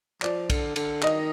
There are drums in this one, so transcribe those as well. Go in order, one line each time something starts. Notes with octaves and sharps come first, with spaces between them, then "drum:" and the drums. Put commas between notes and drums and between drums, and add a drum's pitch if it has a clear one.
F3 D5, drum: clap
D3, drum: kick, cymbal
D3, drum: cymbal
D#3 D#5, drum: clap